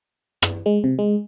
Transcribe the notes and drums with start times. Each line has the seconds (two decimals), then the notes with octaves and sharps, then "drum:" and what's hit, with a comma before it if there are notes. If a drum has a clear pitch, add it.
0.42 drum: rim click
0.66 G#3
0.84 C3
0.99 G#3